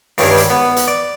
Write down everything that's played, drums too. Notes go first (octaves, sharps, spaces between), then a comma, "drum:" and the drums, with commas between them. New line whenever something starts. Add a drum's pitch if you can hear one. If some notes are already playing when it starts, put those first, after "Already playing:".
C#2 G2 D#3 G3 G#3, drum: open hi-hat
drum: hi-hat
B3
drum: hi-hat
D5